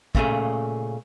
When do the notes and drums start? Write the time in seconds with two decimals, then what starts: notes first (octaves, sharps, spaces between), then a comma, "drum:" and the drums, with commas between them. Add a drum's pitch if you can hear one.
0.15 A#2 C#3 A3 A#3 G#4, drum: kick